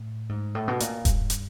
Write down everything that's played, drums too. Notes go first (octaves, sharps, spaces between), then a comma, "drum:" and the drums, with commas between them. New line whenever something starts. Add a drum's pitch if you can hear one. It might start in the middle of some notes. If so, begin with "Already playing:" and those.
Already playing: A2
G#2
A2
B2
A#2, drum: hi-hat
G2, drum: kick D#1, hi-hat
drum: hi-hat